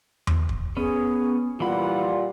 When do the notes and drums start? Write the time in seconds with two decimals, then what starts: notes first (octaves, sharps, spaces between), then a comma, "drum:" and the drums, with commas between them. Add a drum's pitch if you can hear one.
0.27 drum: tom E2
0.49 drum: kick
0.77 B3 C#4 G#4
1.60 A#2 E3 G3 F4 F#5 B5